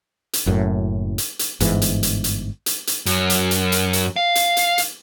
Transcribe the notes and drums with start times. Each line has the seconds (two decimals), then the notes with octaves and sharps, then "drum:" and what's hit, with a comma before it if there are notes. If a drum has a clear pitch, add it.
0.33 drum: hi-hat
0.46 F#1 F#2 A2
1.18 drum: hi-hat
1.39 drum: hi-hat
1.60 G1 G#2 E3, drum: hi-hat
1.82 drum: hi-hat
2.03 drum: hi-hat
2.24 drum: hi-hat
2.66 drum: hi-hat
2.87 drum: hi-hat
3.06 F#2, drum: hi-hat
3.30 drum: hi-hat
3.51 drum: hi-hat
3.72 drum: hi-hat
3.93 drum: hi-hat
4.16 F5
4.35 drum: hi-hat
4.57 drum: hi-hat
4.78 drum: hi-hat